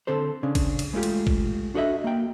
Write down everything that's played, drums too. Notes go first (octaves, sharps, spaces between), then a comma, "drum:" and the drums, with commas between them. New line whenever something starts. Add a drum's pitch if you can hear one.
D3 C4 A4 C5
C#3 C#4 D4
drum: kick, cymbal
drum: cymbal
G#3 A3 F4 G4
drum: cymbal
drum: kick
D4 F#4 A4 D#5 E5
A#3 F#4 G5